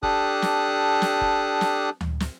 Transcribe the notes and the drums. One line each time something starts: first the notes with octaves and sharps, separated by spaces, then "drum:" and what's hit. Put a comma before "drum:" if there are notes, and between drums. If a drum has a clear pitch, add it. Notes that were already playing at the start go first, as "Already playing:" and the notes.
D4 G4 A4 D#6 F#6, drum: kick F#1
drum: snare
drum: snare
drum: kick F#1
drum: snare
drum: tom D2
drum: snare